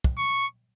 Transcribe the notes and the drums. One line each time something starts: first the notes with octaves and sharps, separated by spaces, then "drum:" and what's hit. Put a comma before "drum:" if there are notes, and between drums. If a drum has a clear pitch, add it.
drum: kick
C#6